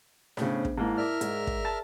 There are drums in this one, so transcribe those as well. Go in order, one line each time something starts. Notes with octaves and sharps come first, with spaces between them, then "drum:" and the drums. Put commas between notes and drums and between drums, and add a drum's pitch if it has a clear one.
A2 C#3 B3 D4 C5, drum: snare
drum: kick
G#2 A#3 E4 A5
A#4 D5 E5 F6
G#2 G#4 D5, drum: hi-hat
drum: kick
A5